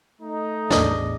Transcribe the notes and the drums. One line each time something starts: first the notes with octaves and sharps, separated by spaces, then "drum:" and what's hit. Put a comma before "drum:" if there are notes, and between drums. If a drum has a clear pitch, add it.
A3 D#4
A1 E2 D4 D#5, drum: snare